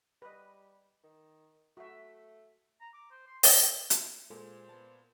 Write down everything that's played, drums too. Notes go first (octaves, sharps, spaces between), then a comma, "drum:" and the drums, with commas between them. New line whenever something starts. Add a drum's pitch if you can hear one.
G3 B4 D#5
D#3
A3 F#4 E5
A#5
D6
C5
C6
C#5, drum: open hi-hat
drum: hi-hat
A#2 G#3 A4 C5
B3 A5